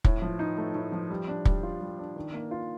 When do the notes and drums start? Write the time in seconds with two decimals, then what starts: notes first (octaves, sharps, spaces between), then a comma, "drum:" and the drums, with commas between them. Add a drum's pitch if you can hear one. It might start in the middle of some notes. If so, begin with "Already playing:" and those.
0.04 A2, drum: kick
0.22 F3
0.39 D#4
0.58 A3
0.75 A2
0.92 F3
1.10 G3
1.28 D4
1.45 G3, drum: kick
1.63 F4
1.81 G3
1.99 D4
2.16 D#3
2.34 A#3
2.51 F4